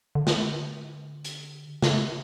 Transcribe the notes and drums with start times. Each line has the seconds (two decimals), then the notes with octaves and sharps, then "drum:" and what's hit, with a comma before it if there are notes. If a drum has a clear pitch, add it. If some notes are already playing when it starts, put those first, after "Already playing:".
0.15 D3
0.27 drum: snare
1.25 drum: hi-hat
1.82 C#3, drum: snare